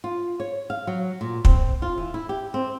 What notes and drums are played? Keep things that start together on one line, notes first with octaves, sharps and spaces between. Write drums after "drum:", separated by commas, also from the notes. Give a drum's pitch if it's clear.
F4
C#5
F5
F#3
A#2
C4, drum: kick
F4
E3
E4
G4
C4